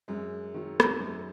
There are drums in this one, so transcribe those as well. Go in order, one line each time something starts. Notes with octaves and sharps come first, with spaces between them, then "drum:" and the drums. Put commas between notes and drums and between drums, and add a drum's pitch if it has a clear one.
F#2 G#3
D#3 F#3
drum: rim click
F#2